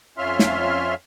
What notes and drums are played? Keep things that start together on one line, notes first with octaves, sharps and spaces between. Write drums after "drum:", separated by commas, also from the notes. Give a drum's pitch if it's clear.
F2 C#4 F4 E5 C6 F6
drum: snare